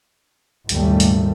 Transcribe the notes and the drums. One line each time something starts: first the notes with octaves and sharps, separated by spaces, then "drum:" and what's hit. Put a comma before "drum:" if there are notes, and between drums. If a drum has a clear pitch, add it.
G#1 D#2 A#2 C#3 G3 A3, drum: hi-hat
drum: hi-hat